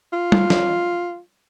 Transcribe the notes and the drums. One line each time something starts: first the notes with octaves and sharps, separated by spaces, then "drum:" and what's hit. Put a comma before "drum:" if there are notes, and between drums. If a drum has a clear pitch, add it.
F4
drum: tom G3
drum: snare